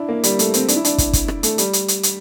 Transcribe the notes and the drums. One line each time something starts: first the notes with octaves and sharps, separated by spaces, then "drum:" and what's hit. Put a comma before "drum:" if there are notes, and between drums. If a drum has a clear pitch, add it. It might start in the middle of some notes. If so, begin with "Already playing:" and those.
Already playing: D4 E4
A#3
G3, drum: hi-hat
A3, drum: hi-hat
C4, drum: hi-hat
D4, drum: hi-hat
E4
D4, drum: hi-hat
drum: kick, hi-hat
drum: kick, hi-hat
drum: rim click
A3, drum: hi-hat
G3, drum: hi-hat
drum: hi-hat
drum: hi-hat
drum: hi-hat